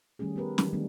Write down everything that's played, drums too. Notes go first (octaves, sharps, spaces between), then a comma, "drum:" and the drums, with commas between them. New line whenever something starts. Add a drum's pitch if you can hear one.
D#3 G3 A3 C#4 G#4
B3 G4 A#4 B4
D#3 E3 F#3 G3 D#4, drum: snare
D#3 G3 A3 B3 D4 G#4